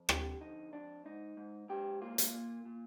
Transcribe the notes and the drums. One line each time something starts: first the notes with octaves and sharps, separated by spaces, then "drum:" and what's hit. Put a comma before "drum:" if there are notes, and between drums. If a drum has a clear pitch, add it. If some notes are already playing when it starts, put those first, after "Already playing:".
Already playing: F2
D3 G4, drum: rim click
F2 D#4
F2 D4
G#2 D#4
G#2
G#2 G4
A#3 F4
drum: hi-hat
A#2
A#2